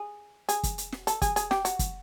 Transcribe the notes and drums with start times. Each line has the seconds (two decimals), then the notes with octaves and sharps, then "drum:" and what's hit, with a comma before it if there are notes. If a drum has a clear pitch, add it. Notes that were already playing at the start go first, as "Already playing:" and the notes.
Already playing: G#4
0.49 G#4, drum: hi-hat
0.63 drum: kick, hi-hat
0.78 drum: hi-hat
0.92 drum: snare
1.07 A4, drum: hi-hat
1.22 G#4, drum: kick, hi-hat
1.36 G#4, drum: hi-hat
1.51 G4, drum: snare
1.65 F#4, drum: hi-hat
1.79 drum: kick, hi-hat